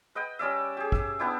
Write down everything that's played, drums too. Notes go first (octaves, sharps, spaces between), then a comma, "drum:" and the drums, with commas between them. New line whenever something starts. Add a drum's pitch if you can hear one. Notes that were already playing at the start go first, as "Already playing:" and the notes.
B4 D#5 F#5 G5
G3 C#4 D5 E5
G4 G#4
E5, drum: kick
B3 D4 E4 G4